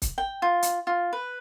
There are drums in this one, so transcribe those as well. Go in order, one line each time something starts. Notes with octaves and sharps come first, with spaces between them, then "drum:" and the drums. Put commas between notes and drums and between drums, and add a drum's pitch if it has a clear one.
drum: kick, hi-hat
G5
F4
drum: hi-hat
F4
B4